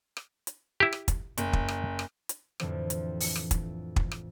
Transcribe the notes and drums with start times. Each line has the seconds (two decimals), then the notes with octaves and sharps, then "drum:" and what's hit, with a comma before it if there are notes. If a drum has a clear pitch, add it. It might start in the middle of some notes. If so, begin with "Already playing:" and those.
0.17 drum: rim click
0.47 drum: hi-hat
0.80 E4 G4
0.93 drum: rim click
1.08 drum: kick, hi-hat
1.38 F#1, drum: hi-hat
1.53 drum: kick
1.68 drum: rim click
1.99 drum: rim click
2.29 drum: hi-hat
2.60 F2 A2 D3 E3 F3 C4, drum: rim click
2.90 drum: hi-hat
3.20 drum: open hi-hat
3.36 drum: rim click
3.51 drum: kick, hi-hat
3.96 drum: kick
4.11 drum: rim click